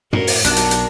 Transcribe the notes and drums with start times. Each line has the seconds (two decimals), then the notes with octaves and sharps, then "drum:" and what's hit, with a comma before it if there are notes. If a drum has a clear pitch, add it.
0.13 A2 F#4 A#4, drum: tom
0.27 drum: open hi-hat
0.45 B1 F#3 D4 F#4 A#4, drum: hi-hat
0.56 drum: hi-hat
0.71 drum: hi-hat